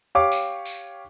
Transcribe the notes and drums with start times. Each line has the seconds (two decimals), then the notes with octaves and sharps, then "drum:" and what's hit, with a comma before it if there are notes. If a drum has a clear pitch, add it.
0.15 G4 C#5 F5 D6
0.32 drum: tambourine
0.65 drum: tambourine